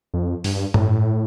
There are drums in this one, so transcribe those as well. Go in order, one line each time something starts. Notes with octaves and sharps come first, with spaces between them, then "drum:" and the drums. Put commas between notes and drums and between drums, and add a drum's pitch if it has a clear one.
F2
G2, drum: open hi-hat
A2, drum: tom G2